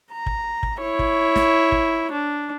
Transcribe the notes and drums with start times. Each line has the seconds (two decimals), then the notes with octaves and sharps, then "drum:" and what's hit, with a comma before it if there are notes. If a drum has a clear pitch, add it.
0.12 A#5
0.26 drum: kick
0.63 drum: kick
0.81 E4 C#5
0.99 drum: kick
1.36 drum: snare
1.72 drum: kick
2.12 D4